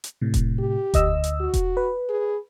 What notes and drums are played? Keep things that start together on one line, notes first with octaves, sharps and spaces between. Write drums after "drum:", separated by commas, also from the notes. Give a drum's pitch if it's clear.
drum: hi-hat
A2 C3
drum: kick E1, hi-hat
G4
D2 D#5 E6, drum: kick E1, hi-hat
drum: hi-hat
F#4
drum: kick E1, hi-hat
B4
G#4